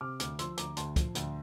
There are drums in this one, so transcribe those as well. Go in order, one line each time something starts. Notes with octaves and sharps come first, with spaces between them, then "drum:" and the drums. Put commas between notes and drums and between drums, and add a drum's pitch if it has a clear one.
C3 D6 F6
D2 D6 F6, drum: hi-hat
F3 C6 E6, drum: hi-hat
D2 A#5 D6, drum: hi-hat
D2 A5 C6, drum: hi-hat
F3, drum: kick, hi-hat
D2, drum: hi-hat